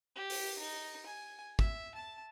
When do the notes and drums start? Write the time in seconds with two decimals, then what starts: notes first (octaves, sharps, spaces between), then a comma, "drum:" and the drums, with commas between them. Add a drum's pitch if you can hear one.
0.16 G4
0.30 drum: open hi-hat
0.59 D#4
1.06 G#5
1.59 E5, drum: kick
1.95 A5